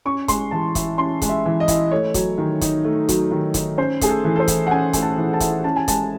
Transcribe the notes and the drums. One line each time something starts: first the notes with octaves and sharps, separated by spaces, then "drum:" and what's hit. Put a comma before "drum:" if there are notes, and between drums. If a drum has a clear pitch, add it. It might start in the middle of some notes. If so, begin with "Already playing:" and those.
C#4 C#6
G#3 C6, drum: kick, hi-hat
E3 A5
E4, drum: kick, hi-hat
C#4 C6
G#3, drum: kick, hi-hat
E5
E3
D#5
E4, drum: kick, hi-hat
A3 C#5
F#3, drum: kick, hi-hat
D#3
D#4, drum: kick, hi-hat
A3
F#3, drum: kick, hi-hat
D#3
D#4, drum: kick, hi-hat
C#4 C5
A3 G#4, drum: kick, hi-hat
A4
E3
A4
C5
E4, drum: kick, hi-hat
F#5
C#4 G#5
A3 G#5, drum: kick, hi-hat
A5
E3
A5
E4, drum: kick, hi-hat
C#4 A5
G#5
G#3 A5, drum: kick, hi-hat